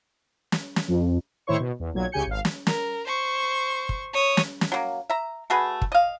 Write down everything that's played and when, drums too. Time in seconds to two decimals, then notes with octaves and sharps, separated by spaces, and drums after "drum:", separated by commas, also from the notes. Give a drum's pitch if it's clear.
0.52 drum: snare
0.76 drum: snare
0.88 F2
1.47 A2 D#3 E4 C5 C#5 C#6
1.60 B2
1.80 E2
1.93 B1 A#2 F#3 G#6
2.12 C#2 C#3 G4 G#5 G6 C#7
2.27 G#1 F5
2.45 drum: snare
2.67 A#4, drum: snare
3.07 C5 C#6
3.89 drum: kick
4.13 C#5 D#6
4.37 drum: snare
4.61 drum: snare
4.72 F#3 A#3
5.10 E5 A#5
5.50 A3 F#4 G#4 B4
5.82 drum: kick
5.92 D#5 F5